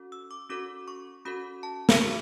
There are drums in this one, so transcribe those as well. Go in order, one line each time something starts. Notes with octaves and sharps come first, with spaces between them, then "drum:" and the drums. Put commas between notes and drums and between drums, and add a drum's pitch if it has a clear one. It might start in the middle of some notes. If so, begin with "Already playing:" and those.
Already playing: C#4 F#4 A4
E6
D6
C#4 F#4 A4 D6
C#6
C#4 F#4 A4 B5
A5
drum: snare
B3 F#4 A4 C#6